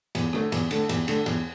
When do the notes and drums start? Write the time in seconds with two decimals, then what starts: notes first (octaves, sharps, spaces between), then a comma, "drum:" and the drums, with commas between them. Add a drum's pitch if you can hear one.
0.15 E2, drum: cymbal
0.33 D3 A3, drum: rim click
0.52 E2, drum: cymbal
0.71 D3 A3, drum: cymbal
0.89 E2, drum: cymbal
1.08 D3 A3, drum: cymbal
1.26 E2, drum: cymbal